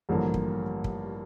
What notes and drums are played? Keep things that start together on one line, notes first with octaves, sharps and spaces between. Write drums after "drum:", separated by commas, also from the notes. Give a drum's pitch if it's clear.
A1 G2 D3 F3 A#3
drum: kick
drum: kick